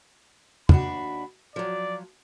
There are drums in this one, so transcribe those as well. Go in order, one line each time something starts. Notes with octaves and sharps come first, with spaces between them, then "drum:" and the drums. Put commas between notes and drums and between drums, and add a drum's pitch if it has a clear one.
D#2 D4 F#4 B5, drum: tom
F3 F#3 D5